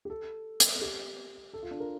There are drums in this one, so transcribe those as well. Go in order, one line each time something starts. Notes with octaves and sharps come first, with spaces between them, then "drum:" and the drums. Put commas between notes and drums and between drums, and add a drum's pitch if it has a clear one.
G4
A4
drum: hi-hat
A4
G4
A4
F4
D4
A#4